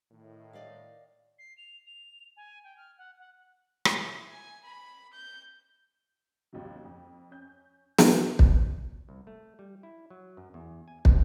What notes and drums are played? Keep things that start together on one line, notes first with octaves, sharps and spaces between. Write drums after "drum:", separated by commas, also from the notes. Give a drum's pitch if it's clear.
A2 D#3
D5 D#5 F5
C7
F7
F7
G#5
G5
F6
F#5
F#5
drum: rim click
E4
G#5
B5
G6
A1 D#2 C3 D#3 F#3
F2
C#4 G6
drum: snare
drum: kick
C2
A3
G3
E4
F#3
F#2
E2
G#5
E2, drum: kick